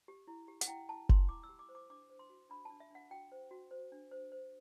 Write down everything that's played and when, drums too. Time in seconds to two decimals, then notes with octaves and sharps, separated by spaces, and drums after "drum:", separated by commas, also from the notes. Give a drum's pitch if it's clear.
0.08 G4
0.27 E4
0.48 G4
0.61 F#5, drum: hi-hat
0.68 E4 G5
0.89 E4 A5
1.09 E4 C6, drum: kick F#1
1.29 E4 D6
1.43 E6
1.49 G4
1.59 D6
1.69 C5
1.75 D6
1.90 D4 D6
2.10 C5
2.19 C6
2.30 F#4
2.50 D4 B5
2.65 A5
2.70 D4
2.80 E5
2.90 D4 F#5
3.10 F#4 G5
3.32 C5
3.51 F#4
3.71 C5
3.92 D4
4.11 C5
4.32 C5